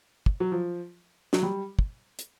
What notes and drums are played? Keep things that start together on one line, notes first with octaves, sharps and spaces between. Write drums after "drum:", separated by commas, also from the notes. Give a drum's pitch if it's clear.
drum: kick
F#3
F3
F#3, drum: snare
G3
drum: kick
drum: hi-hat